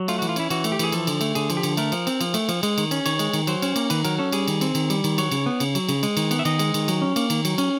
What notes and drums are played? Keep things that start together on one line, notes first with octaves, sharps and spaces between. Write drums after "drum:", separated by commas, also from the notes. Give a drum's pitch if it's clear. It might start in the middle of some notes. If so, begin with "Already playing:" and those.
Already playing: F#3
A3 F4, drum: cymbal
F#4
E3, drum: cymbal
F4
C#4 E4, drum: cymbal
E3 F#4, drum: cymbal
A3, drum: cymbal
G4
E3 G#4, drum: cymbal
F3 A4, drum: cymbal
D3, drum: cymbal
A3, drum: cymbal
D3 G#4, drum: cymbal
F3, drum: cymbal
G4
D3, drum: cymbal
A3 A#4, drum: cymbal
F3, drum: cymbal
C4, drum: cymbal
F3, drum: cymbal
A3, drum: cymbal
F3, drum: cymbal
G#3, drum: cymbal
D#3, drum: cymbal
C#4, drum: cymbal
D#3 C#5, drum: cymbal
G#3, drum: cymbal
D#3, drum: cymbal
F#3 C5, drum: cymbal
C#4, drum: cymbal
A#3, drum: cymbal
D#3 B4, drum: cymbal
F#3 A#4, drum: cymbal
C#4 A4
G3 G#4, drum: cymbal
D#3, drum: cymbal
C4, drum: cymbal
D#3, drum: cymbal
G3, drum: cymbal
D#3, drum: cymbal
F#3 C#5, drum: cymbal
C#3, drum: cymbal
B3
C#3, drum: cymbal
F#3, drum: cymbal
C#3, drum: cymbal
G#3, drum: cymbal
D#3, drum: cymbal
B3, drum: cymbal
E5
D#3 D#5, drum: cymbal
G#3, drum: cymbal
D#3, drum: cymbal
F#3, drum: cymbal
C#4
A#3, drum: cymbal
D#3, drum: cymbal
F#3, drum: cymbal
C#4, drum: cymbal